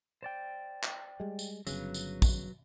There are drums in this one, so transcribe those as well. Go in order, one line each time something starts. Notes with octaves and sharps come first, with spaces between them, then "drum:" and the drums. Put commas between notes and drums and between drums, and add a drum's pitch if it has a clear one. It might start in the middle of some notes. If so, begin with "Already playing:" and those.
C5 D5 G5
drum: clap
G3 G#3
drum: tambourine
G1 C#3 F#3 B4, drum: tambourine
drum: tambourine
drum: kick, tambourine